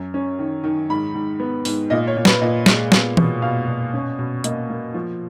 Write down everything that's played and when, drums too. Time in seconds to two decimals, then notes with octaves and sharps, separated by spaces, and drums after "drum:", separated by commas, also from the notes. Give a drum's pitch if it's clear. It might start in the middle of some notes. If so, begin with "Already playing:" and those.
Already playing: F#2
0.14 C#4
0.39 D#3
0.64 D#3
0.90 G#2 B5
1.14 G#2
1.40 B3
1.65 G#2, drum: open hi-hat
1.90 A#2 D#5
2.07 C#5
2.17 A#2
2.25 B4, drum: snare
2.41 A#2 D#5
2.66 G#3, drum: snare
2.92 B3, drum: snare
3.17 B2, drum: tom E3
3.42 B2 F5
3.67 B2
3.93 C#4
4.19 B2
4.44 A#3 D#5, drum: hi-hat
4.70 A#3
4.94 F3